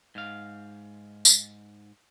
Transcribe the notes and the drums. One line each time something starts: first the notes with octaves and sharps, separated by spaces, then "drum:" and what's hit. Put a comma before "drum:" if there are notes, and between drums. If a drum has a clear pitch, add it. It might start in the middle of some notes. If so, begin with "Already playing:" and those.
G#2 F5
drum: tambourine